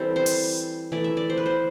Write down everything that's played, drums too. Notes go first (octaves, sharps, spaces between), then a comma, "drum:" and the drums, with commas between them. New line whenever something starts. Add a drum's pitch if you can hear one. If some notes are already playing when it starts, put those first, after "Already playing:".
Already playing: E3 G3 C4 E4 G4 A4
C5
drum: open hi-hat
E3 A3 E4 D5
E5
D5
C5
B4
C5